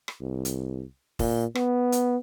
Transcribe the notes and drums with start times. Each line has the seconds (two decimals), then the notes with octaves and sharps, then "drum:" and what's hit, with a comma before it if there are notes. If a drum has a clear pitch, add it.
0.08 drum: rim click
0.21 C2
0.45 drum: hi-hat
1.19 A#2, drum: kick, open hi-hat
1.55 B3, drum: rim click
1.92 drum: hi-hat